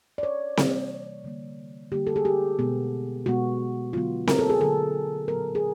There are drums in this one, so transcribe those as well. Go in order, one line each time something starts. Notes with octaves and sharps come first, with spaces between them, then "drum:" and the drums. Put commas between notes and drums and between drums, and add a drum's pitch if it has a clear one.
D5
C#5
C3 E3 G3 A#3, drum: snare C4
D3 G3 A#3
D3 G3 A#3 G4
A4
G#4
G4
B2 G#3 B3
B2 G#3 B3 F#4
D3 F#3 B3 F4
A#4, drum: snare C4
A4
G#4
D3 F#3 B3 A4
A#2 F#3 B3 A#4
G#4